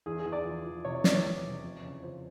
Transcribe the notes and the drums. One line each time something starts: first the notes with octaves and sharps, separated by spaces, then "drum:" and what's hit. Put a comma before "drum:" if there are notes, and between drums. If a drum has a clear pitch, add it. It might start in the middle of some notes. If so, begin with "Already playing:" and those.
E2 G#4
G#4
E2
D5
F3
F3
C3 C#5
C#5
E2 D5, drum: snare
C#5
E2
C3
F2
C#3
F3 C5